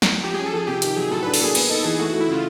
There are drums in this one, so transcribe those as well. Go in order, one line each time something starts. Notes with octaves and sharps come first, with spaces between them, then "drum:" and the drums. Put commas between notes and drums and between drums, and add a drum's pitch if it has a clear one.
drum: snare
F3 G4
C#4 G#4
A4
F3 G#4
C3 G4
D#3 G4, drum: hi-hat
F#3 G#4
A2 A4
D4 B4
A4, drum: open hi-hat
A#3 G#4
B3, drum: cymbal
D#4 A4
E3 G#4
A3 F#4
A3 F#4
E4
C#3 F4